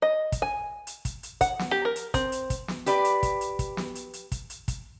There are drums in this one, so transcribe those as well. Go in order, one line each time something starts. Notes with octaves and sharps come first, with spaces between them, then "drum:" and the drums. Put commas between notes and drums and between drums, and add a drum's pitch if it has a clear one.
D#5
drum: kick, hi-hat
G#5
drum: hi-hat
drum: kick, hi-hat
drum: hi-hat
F#5, drum: kick, hi-hat
drum: snare
G4
A#4
drum: hi-hat
C4, drum: kick, hi-hat
drum: hi-hat
drum: kick, hi-hat
drum: snare
G4 B4 D5, drum: hi-hat
drum: hi-hat
drum: kick, hi-hat
drum: hi-hat
drum: kick, hi-hat
drum: snare
drum: hi-hat
drum: hi-hat
drum: kick, hi-hat
drum: hi-hat
drum: kick, hi-hat